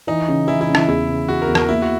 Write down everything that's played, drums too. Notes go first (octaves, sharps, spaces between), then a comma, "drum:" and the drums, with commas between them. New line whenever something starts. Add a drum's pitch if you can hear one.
E3 D#4
C#3
E3 E4
E4
C#3
E4, drum: rim click
E2 E4
C#3
E2 F#4
A#4
E2
A#4, drum: rim click
A#3 E4
F#4